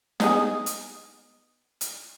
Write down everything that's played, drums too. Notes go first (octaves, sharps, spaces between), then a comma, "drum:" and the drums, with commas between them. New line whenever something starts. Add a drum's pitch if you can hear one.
B3 D#4 G#4, drum: snare
drum: hi-hat
drum: hi-hat